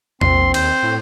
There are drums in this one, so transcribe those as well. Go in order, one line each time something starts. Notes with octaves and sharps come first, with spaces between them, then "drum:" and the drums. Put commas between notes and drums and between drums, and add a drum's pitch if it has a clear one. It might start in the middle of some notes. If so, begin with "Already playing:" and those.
A#1 C4 C6, drum: tom E2
D#2 C5, drum: cymbal
A2